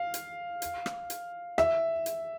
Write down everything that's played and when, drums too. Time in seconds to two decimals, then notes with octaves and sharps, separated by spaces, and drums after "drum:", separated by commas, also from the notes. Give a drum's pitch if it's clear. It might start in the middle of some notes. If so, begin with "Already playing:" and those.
Already playing: F5
0.14 drum: hi-hat
0.62 drum: hi-hat
0.86 drum: rim click
1.10 drum: hi-hat
1.58 E5, drum: rim click
2.06 drum: hi-hat